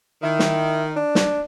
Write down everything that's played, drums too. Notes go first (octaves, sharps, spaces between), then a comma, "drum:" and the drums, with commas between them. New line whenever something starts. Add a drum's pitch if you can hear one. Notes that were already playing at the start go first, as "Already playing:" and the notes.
D#3 E4
drum: snare
D4
drum: snare